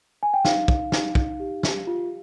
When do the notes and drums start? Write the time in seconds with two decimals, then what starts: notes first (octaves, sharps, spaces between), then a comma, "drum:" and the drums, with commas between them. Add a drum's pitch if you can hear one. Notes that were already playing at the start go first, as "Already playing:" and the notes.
0.23 G#5
0.34 G5
0.45 D#4 F5, drum: snare
0.68 D#4, drum: kick
0.92 D#4, drum: snare
1.15 D#4, drum: kick
1.40 G4
1.63 G4, drum: snare
1.87 F4